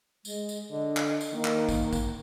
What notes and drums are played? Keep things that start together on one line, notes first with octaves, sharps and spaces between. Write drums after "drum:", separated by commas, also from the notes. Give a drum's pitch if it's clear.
G#3, drum: tambourine
drum: tambourine
D3 D#5
drum: clap
drum: tambourine
D#3 A#3
drum: clap
drum: kick, tambourine
drum: kick, tambourine